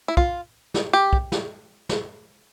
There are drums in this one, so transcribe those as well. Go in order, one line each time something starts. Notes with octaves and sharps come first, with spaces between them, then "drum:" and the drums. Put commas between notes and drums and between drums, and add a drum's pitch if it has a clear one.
E4
F4, drum: kick
drum: snare
G4
drum: kick
drum: snare
drum: snare